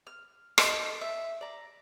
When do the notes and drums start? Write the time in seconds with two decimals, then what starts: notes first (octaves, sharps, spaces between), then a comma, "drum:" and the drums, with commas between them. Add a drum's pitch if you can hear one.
0.07 F6
0.58 D#4 A4 A5 C6, drum: rim click
1.01 E5
1.41 D5 A#5